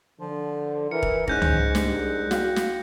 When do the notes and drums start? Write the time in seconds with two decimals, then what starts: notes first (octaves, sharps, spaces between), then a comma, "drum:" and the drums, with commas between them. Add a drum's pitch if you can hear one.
0.20 D3 F3
0.91 E3 A#4 C#7
1.03 drum: kick
1.28 G#2 C#4 F#6 G6 A#6, drum: kick
1.42 drum: tom C#2
1.75 C2 G#3 D4 G4, drum: snare
2.31 F#4 F5 G5, drum: snare
2.56 drum: snare